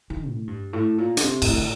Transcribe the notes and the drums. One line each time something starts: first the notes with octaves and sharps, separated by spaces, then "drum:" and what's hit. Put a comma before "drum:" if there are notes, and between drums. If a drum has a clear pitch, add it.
D#3
A2
G2
A2
A#2
D3, drum: hi-hat
C3
A2, drum: cymbal
D3